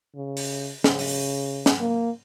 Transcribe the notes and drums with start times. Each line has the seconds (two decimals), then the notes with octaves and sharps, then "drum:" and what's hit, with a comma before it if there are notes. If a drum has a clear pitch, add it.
0.16 C#3
0.37 drum: open hi-hat
0.84 C#3, drum: snare
0.99 drum: open hi-hat
1.66 drum: snare
1.80 A#3